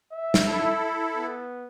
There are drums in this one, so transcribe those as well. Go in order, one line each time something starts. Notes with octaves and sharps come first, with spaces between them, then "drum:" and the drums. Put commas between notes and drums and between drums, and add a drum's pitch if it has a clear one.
E5
drum: snare
E4 A4
B3